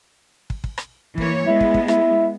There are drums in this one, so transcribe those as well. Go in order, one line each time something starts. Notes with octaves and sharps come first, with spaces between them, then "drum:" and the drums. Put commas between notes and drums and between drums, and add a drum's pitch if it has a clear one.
drum: kick
drum: kick
drum: rim click
E3 A#3 C#5, drum: kick
G#3 B3 E4
drum: kick
drum: kick
E4, drum: rim click